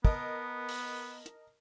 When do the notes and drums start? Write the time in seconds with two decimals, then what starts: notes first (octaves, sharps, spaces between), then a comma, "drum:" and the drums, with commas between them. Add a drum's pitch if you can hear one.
0.05 B3 A#4 D#5 A5, drum: kick
0.69 drum: open hi-hat
1.26 drum: hi-hat